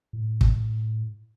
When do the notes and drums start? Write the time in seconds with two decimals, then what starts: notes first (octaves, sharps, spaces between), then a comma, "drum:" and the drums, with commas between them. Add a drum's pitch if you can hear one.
0.13 A2
0.41 drum: kick